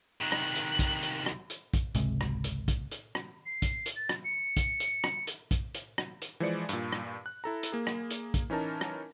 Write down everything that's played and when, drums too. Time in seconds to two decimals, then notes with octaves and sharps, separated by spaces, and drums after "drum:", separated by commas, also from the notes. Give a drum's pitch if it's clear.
0.21 C2 D#3 F#6
0.32 drum: rim click
0.56 drum: hi-hat
0.79 drum: kick, hi-hat
1.03 drum: hi-hat
1.26 drum: rim click
1.50 drum: hi-hat
1.74 drum: kick, hi-hat
1.95 G#1 C#2 C3 G#3, drum: hi-hat
2.21 drum: rim click
2.44 drum: hi-hat
2.68 drum: kick, hi-hat
2.91 drum: hi-hat
3.15 drum: rim click
3.46 C7
3.62 drum: kick, hi-hat
3.86 drum: hi-hat
3.96 A6
4.09 drum: rim click
4.24 C#7
4.57 drum: kick, hi-hat
4.80 drum: hi-hat
5.04 drum: rim click
5.27 drum: hi-hat
5.51 drum: kick, hi-hat
5.75 drum: hi-hat
5.98 drum: rim click
6.22 drum: hi-hat
6.40 E3 F3 G#3 C5 D5 C#7
6.69 G2 A#2, drum: hi-hat
6.92 drum: rim click
7.26 F#6
7.44 E4 A4 A#5
7.63 drum: hi-hat
7.72 A#3 G#4
7.87 drum: rim click
8.10 drum: hi-hat
8.34 drum: kick, hi-hat
8.50 E3 C#4 D#4 A#4 A5
8.81 drum: rim click